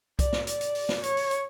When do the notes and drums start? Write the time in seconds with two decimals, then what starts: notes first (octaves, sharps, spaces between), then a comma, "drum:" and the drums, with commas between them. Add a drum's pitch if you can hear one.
0.19 D5, drum: kick C2, hi-hat
0.33 drum: snare
0.47 D5, drum: hi-hat
0.61 drum: hi-hat
0.75 drum: open hi-hat
0.89 drum: snare
1.04 C#5, drum: hi-hat
1.17 drum: open hi-hat
1.31 drum: hi-hat